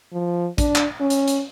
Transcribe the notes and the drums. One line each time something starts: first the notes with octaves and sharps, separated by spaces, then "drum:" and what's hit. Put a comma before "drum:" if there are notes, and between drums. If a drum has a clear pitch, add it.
F3
D4, drum: kick, hi-hat
drum: clap
C#4
drum: hi-hat
drum: hi-hat